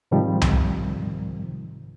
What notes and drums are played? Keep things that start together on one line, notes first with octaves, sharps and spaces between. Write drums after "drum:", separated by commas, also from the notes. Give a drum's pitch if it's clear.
G#2 C3 D#3 F3 G3
drum: tom C2